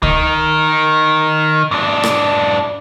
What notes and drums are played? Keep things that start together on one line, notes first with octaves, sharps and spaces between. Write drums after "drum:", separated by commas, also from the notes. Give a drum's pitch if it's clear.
D#3 D#4, drum: kick
G#2 D4
drum: rim click